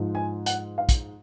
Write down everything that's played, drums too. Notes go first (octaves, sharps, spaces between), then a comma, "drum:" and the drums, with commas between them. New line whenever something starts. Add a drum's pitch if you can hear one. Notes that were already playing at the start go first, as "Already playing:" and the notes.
Already playing: G#2 F3
G#5
F#5, drum: hi-hat
F5
drum: kick, hi-hat